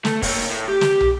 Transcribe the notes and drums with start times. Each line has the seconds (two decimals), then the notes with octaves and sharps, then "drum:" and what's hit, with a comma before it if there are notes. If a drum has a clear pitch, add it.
0.05 A3, drum: snare
0.22 A#3 C#5, drum: kick, open hi-hat
0.51 A2
0.68 G4
0.81 drum: snare
1.00 drum: tom